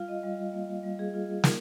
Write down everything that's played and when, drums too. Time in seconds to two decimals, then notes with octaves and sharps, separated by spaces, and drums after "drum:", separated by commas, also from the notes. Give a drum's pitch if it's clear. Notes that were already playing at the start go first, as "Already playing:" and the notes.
Already playing: G3 F4 F5
0.08 D#5
0.23 G3
0.53 A#3
0.83 G3
0.99 G#4
1.14 F4
1.44 D#4 A#4, drum: snare